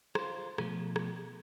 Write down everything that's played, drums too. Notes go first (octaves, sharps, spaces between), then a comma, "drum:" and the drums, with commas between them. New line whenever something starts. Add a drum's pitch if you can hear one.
F4 C5, drum: rim click
B2 F3 A3, drum: rim click
drum: rim click